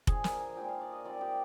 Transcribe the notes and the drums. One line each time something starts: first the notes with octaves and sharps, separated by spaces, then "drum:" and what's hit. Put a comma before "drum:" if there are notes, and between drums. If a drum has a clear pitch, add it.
F3 G#3 D4 G#4, drum: kick F1
A#4, drum: snare
G#5
A#2 G#3 D#4 G5
F5
D5
D#5
A#2 G3 C4 D#4 D5
G4